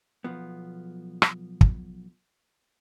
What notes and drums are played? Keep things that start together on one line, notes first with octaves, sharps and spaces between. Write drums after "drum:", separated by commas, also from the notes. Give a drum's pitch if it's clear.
B1 F3 B3
drum: rim click
drum: kick